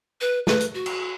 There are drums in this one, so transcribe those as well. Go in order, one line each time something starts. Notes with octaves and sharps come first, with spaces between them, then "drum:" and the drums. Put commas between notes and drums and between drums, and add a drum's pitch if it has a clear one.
B4
B4, drum: snare
drum: hi-hat
F#4
drum: cymbal